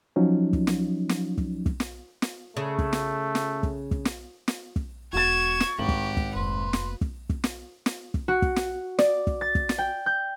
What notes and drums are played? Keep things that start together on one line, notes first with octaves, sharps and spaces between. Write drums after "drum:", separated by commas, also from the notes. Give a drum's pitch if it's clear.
F3 F#3 C#4 D#4
drum: kick
drum: snare
drum: snare
drum: kick
drum: kick
drum: snare
drum: snare
C#3 A3
drum: kick
drum: snare
drum: snare
drum: kick
drum: kick
drum: snare
drum: snare
drum: kick
E1 B3 F#4 C#6 G#6 A6 E7
drum: snare
G#1 E4 G4 F#5 F#7
drum: kick
drum: kick
F1 A#3 B4 C6
drum: snare
drum: kick
drum: kick
drum: snare
drum: snare
drum: kick
F#4
drum: kick
drum: snare
D5, drum: snare
drum: kick
A6
drum: kick
drum: snare
G5
G6